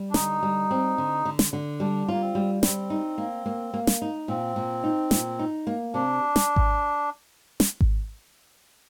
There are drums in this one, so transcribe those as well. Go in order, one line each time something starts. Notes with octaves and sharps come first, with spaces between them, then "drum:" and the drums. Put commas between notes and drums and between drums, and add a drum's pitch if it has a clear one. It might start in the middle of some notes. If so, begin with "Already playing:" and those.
Already playing: G3
D4
D3 D#4, drum: snare
G3
C4
D3
D3
drum: snare
D3
G3 D4
A#3 F4
C4
G3
G3 C4, drum: snare
D#4
A#3
A#3
A#3
drum: snare
D#4
A#2 C4
A#2
D#4
A#2, drum: snare
D#4
A#3
C3 D4
drum: snare
drum: kick G#1
drum: snare
drum: kick G#1